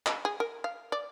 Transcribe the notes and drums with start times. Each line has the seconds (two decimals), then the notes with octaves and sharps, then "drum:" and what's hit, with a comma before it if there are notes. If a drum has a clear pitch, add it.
0.06 D#5, drum: clap
0.25 G#4
0.40 A#4
0.64 F5
0.92 D5